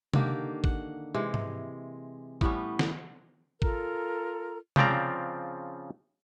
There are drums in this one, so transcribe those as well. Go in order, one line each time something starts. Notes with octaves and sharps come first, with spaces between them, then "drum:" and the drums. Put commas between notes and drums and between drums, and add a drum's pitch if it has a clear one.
D3 D#3 A#3 G4, drum: tom C3
F#5, drum: kick G#1
C3 E3 G#3
drum: tom G#2
A2 G3 B3 C#4, drum: kick G#1
drum: snare
F4 A4 A#4 A#5, drum: kick G#1
C#3 F3 C4 D5 A#5, drum: tom C3